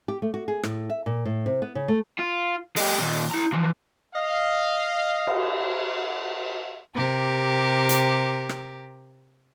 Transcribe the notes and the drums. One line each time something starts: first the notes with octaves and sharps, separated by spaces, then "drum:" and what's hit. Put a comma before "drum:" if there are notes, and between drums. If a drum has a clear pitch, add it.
G4
A3
F#4
G#4
A2, drum: rim click
E5
A#2
A2
C3
B3
C#3
A3
F4
G#3 G4, drum: open hi-hat
D#2 A#2
E4 A#5
E3 F3
D#5 F5
drum: cymbal
C3 G4 A#4
drum: hi-hat
drum: rim click